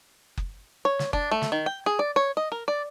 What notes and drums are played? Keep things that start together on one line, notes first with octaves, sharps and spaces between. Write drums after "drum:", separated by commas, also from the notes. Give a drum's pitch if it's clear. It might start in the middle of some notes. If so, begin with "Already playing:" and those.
drum: kick F#1
C#5
drum: snare
D4, drum: kick F#1
A3
drum: snare
D#3
G5
G#4
D5
C#5
D#5
A#4
D5